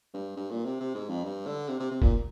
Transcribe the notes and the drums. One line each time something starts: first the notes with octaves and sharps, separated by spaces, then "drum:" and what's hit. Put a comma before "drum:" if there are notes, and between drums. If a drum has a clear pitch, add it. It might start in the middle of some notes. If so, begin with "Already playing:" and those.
G2
G2
A#2
C3
C3
G#2
F2
G2
D3
C3
C3
C3
A#2, drum: kick F1